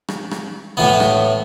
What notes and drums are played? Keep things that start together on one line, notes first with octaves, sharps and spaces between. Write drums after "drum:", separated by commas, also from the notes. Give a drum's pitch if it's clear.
drum: rim click
drum: rim click
A2 E3 B3
drum: rim click